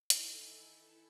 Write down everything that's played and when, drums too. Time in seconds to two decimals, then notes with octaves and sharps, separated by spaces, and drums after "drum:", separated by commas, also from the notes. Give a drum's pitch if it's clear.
0.10 D#3 E3 E4 A4, drum: hi-hat